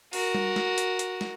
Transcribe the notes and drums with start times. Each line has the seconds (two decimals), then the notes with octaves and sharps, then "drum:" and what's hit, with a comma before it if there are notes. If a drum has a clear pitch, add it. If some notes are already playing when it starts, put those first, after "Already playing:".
0.13 F#4 A#4, drum: open hi-hat
0.35 drum: tom G3
0.56 drum: snare
0.78 drum: hi-hat
0.99 drum: hi-hat
1.21 drum: snare